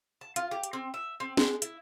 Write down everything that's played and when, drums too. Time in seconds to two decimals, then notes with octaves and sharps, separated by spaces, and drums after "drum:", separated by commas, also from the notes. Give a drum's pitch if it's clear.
0.21 A5
0.36 F4, drum: hi-hat
0.51 G4
0.63 drum: hi-hat
0.73 C4
0.94 E5
1.20 C4
1.37 G#3, drum: snare
1.62 E4, drum: hi-hat